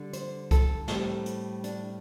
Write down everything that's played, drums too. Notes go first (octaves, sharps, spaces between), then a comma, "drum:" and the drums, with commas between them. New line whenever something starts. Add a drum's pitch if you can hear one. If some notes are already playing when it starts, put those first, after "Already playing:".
Already playing: D3 G3
C5, drum: hi-hat
A4, drum: kick, hi-hat
A2 G3 C4 A4, drum: snare
drum: hi-hat
D4, drum: hi-hat